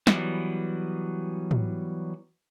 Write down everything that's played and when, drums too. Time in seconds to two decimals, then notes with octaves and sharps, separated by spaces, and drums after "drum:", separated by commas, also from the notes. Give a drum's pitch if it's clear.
0.07 E3 F#3 G3 B3, drum: snare
1.51 drum: tom